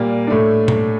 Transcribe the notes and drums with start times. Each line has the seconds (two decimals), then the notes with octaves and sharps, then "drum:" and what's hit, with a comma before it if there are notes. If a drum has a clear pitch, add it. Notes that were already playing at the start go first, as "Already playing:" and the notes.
Already playing: A#2 G3 A#3
0.27 A2 A3 D4
0.68 drum: tom A#2